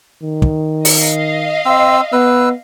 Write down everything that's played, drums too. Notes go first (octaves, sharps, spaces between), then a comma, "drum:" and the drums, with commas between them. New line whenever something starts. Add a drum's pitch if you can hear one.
D#3
drum: kick
D#5 F5, drum: open hi-hat
C4 E6
B3 B4 E6